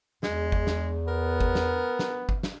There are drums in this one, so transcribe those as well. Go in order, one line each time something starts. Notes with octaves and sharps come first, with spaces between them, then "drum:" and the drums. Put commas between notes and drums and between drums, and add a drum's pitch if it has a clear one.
E2 G#3, drum: snare
drum: kick G1
drum: snare
B3 A#4
drum: kick G1
drum: snare
drum: snare
drum: kick G1
drum: snare